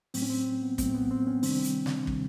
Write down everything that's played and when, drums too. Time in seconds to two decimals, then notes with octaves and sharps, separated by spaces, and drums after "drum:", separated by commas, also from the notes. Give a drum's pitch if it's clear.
0.14 A2 F#3 A3 C4, drum: open hi-hat
0.22 C#4
0.30 C4
0.62 B3
0.78 A2 F#3 A3 C4, drum: kick, hi-hat
0.94 B3
1.11 C4
1.27 B3 C#4
1.43 C3 D#3 G3 C4 D4, drum: open hi-hat
1.64 drum: hi-hat
1.86 drum: snare
2.07 C3 D#3 G3, drum: kick